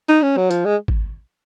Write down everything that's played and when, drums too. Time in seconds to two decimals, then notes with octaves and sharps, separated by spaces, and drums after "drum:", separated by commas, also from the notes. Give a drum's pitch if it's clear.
0.09 D#4
0.23 C#4
0.37 F#3
0.51 F3, drum: hi-hat
0.65 G#3
0.88 drum: kick